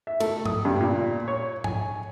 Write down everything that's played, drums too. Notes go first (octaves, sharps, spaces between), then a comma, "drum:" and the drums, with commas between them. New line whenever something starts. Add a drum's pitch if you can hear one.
E5
A3, drum: cymbal
D#6, drum: tom G#2
G2
A#2
C#5
G#5, drum: tom G#2